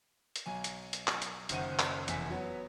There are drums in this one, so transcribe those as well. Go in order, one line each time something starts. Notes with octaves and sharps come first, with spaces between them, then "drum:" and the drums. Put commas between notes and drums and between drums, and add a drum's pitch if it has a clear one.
drum: hi-hat
B1 G#5
drum: hi-hat
drum: hi-hat
drum: clap
drum: hi-hat
F#1 F#2 D#3 C5 F#5 D#7, drum: hi-hat
drum: clap
F1 E2 G#5 B6, drum: hi-hat
F#3 B3